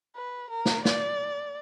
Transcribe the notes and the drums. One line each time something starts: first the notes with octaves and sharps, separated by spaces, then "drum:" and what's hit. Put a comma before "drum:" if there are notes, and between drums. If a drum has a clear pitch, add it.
B4
A#4
drum: snare
D5, drum: snare